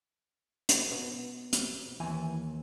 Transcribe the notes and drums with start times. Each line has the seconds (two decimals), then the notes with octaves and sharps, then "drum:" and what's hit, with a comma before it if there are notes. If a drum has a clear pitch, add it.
0.69 drum: hi-hat
0.92 B2
1.53 drum: hi-hat
2.00 D#2 E3 G#5